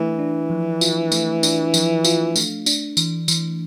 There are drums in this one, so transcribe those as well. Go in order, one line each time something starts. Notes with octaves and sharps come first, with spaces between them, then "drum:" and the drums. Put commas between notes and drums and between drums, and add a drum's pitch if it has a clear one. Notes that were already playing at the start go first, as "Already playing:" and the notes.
Already playing: E3 A3 D4
D4
F3
F4, drum: tambourine
A3, drum: tambourine
D4, drum: tambourine
F3, drum: tambourine
F4, drum: tambourine
A3, drum: tambourine
D4, drum: tambourine
E3, drum: tambourine
E3, drum: tambourine